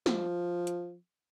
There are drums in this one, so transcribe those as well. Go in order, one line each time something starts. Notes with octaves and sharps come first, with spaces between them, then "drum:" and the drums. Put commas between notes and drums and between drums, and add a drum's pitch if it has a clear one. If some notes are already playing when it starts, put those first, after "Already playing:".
F3, drum: snare
drum: hi-hat